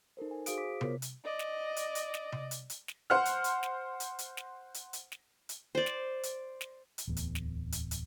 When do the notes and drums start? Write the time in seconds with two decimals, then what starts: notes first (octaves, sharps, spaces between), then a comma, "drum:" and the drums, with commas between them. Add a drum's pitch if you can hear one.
0.17 D#4 A4 A#4 C5
0.31 G#5
0.46 F#4 G#4 C5 F5 D#6 D7, drum: hi-hat
0.58 C5 D6 B6
0.81 B3 F4 A#4 C#5, drum: tom C3
1.02 drum: hi-hat
1.25 D5 D#5
1.39 drum: snare
1.76 drum: hi-hat
1.95 drum: hi-hat
2.14 drum: snare
2.32 drum: tom C3
2.51 drum: hi-hat
2.70 drum: hi-hat
2.88 drum: snare
3.10 C5 F#5 F6
3.25 drum: hi-hat
3.44 drum: hi-hat
3.63 drum: snare
4.00 drum: hi-hat
4.19 drum: hi-hat
4.37 drum: snare
4.74 drum: hi-hat
4.93 drum: hi-hat
5.12 drum: snare
5.49 drum: hi-hat
5.75 C5 D5
5.86 drum: snare
6.23 drum: hi-hat
6.61 drum: snare
6.98 drum: hi-hat
7.07 D1 E2
7.17 drum: hi-hat
7.35 drum: snare
7.72 drum: hi-hat
7.91 drum: hi-hat